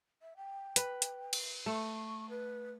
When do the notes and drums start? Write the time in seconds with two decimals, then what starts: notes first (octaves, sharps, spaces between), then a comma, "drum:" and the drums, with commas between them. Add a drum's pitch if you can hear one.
0.22 E5
0.37 G5
0.76 B4, drum: hi-hat
1.02 drum: hi-hat
1.33 drum: cymbal
1.66 A3 C#6
2.30 B4